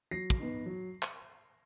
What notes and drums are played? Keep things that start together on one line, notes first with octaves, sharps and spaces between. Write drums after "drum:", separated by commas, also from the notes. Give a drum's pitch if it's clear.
F#3 A#6 C7
drum: kick
B3 D#4
F#3
drum: clap